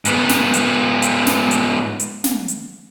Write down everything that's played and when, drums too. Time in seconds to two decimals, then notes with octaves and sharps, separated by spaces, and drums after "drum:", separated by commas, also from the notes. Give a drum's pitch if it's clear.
0.05 G#2 B3, drum: hi-hat
0.29 drum: snare
0.54 drum: hi-hat
1.02 drum: hi-hat
1.27 drum: snare
1.51 drum: hi-hat
2.00 drum: hi-hat
2.24 drum: snare
2.48 drum: hi-hat